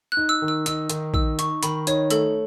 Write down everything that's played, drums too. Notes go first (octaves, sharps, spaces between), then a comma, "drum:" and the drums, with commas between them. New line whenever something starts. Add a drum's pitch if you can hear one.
F#6
D#4
E6
D#3
E6
D#4 E6, drum: hi-hat
D#3, drum: hi-hat
D#4 E6, drum: kick
D#4 C#6, drum: hi-hat
D#3 B5, drum: hi-hat
D#4 C#5, drum: hi-hat
A3 A4, drum: hi-hat